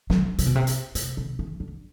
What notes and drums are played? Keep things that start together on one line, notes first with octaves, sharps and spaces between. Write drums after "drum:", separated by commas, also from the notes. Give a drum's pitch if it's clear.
F#3, drum: snare
C3, drum: hi-hat
B2
C3
drum: hi-hat
C3, drum: hi-hat
B2
E3
D3